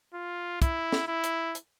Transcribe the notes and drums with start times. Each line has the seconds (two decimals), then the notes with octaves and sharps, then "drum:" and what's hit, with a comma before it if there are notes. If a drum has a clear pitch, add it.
0.14 F4
0.62 E4, drum: kick, hi-hat
0.92 drum: snare
1.08 E4
1.24 drum: hi-hat
1.55 drum: hi-hat